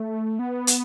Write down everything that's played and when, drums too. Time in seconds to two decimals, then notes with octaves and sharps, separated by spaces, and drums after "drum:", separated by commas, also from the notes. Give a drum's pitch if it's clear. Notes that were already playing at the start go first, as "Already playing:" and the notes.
Already playing: A3
0.39 B3
0.67 drum: hi-hat